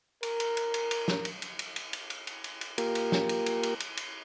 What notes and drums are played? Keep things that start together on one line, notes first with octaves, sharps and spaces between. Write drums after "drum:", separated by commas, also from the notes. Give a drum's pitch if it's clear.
A#4, drum: cymbal
drum: cymbal
drum: cymbal
drum: cymbal
drum: cymbal
drum: snare
drum: cymbal
drum: cymbal
drum: cymbal
drum: cymbal
drum: cymbal
drum: cymbal
drum: cymbal
drum: cymbal
drum: cymbal
A#3 F4 G4 A#4, drum: cymbal
drum: cymbal
drum: snare
drum: cymbal
drum: cymbal
drum: cymbal
drum: cymbal
drum: cymbal